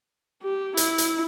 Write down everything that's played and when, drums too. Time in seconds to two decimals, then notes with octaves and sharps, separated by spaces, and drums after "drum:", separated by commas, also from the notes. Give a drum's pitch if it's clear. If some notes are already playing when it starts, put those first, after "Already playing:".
0.43 G4
0.77 E4, drum: hi-hat
0.98 drum: hi-hat